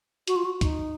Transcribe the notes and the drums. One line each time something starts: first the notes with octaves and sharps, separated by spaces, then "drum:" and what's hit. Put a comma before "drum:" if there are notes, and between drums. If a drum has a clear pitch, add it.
F#4, drum: hi-hat
F4
F#4
D#4, drum: kick C#2, hi-hat